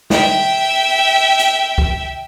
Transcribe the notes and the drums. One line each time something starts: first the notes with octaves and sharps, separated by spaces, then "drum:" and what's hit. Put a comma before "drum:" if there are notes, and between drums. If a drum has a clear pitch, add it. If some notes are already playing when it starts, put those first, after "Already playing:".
E5 G5, drum: snare
drum: hi-hat
drum: kick